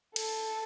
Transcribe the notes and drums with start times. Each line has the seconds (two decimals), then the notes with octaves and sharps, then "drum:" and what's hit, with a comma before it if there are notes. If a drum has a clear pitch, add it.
0.16 A4, drum: cymbal